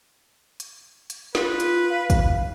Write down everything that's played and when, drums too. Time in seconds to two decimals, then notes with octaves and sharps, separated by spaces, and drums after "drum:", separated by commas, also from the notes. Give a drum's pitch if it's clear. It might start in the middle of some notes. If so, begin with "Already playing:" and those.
0.60 drum: hi-hat
1.10 drum: hi-hat
1.35 F4 B4, drum: snare
1.60 drum: hi-hat
1.90 F5
2.10 drum: kick, hi-hat